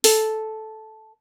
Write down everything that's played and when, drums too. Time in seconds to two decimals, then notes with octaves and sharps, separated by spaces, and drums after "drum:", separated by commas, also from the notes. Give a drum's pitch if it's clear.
0.04 A4, drum: open hi-hat